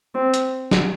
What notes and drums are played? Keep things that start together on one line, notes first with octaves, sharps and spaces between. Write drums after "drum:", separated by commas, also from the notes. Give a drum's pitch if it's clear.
C4
drum: hi-hat
drum: snare